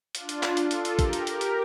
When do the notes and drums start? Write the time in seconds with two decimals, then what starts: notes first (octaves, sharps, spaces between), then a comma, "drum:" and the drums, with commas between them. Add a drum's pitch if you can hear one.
0.15 D4 F4, drum: hi-hat
0.29 drum: hi-hat
0.43 drum: clap
0.57 drum: hi-hat
0.71 F4 A4, drum: hi-hat
0.85 drum: hi-hat
0.99 G4 A#4, drum: kick A1, hi-hat
1.13 drum: hi-hat
1.27 G4 A#4, drum: hi-hat
1.41 drum: hi-hat